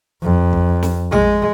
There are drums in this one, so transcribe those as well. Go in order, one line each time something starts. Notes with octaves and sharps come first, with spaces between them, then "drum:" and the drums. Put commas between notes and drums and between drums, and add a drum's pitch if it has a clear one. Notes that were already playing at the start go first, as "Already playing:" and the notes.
F2
drum: kick
drum: snare
G#3, drum: tom A1